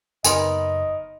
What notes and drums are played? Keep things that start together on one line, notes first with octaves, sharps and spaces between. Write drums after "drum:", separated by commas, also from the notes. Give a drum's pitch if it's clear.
F#1 B3 D#4 A#4 D#5 G#5 B5 C6, drum: tambourine